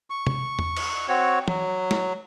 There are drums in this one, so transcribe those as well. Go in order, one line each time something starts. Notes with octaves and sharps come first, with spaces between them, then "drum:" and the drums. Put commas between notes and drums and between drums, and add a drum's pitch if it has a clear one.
C#6
drum: tom
drum: tom E2
drum: cymbal
C4 F#4 C#5
F#3, drum: tom
drum: snare